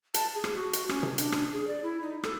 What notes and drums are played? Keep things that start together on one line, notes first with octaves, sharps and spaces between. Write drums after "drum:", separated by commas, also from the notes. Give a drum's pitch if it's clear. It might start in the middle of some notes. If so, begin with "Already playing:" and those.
A5, drum: hi-hat
G#4
drum: rim click
F#4
drum: hi-hat
C#4, drum: rim click
drum: tom C3
D4, drum: hi-hat
drum: rim click
G#4
D5
E4
D#4
A4, drum: rim click